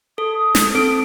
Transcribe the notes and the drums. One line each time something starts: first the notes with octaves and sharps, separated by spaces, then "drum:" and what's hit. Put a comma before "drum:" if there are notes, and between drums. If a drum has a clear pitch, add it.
A4 D#6
drum: snare
C4 A4 D7